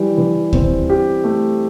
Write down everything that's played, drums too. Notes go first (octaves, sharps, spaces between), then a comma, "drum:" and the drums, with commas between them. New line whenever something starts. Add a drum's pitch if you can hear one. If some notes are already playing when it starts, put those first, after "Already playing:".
Already playing: E3 G3 G4
E3
C4, drum: kick
G4
A3